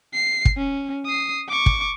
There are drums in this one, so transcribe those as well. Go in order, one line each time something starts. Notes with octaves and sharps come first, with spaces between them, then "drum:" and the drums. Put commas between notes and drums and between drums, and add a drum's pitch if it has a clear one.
C7
drum: kick
C#4
D#6 C7
C#6 D6
drum: kick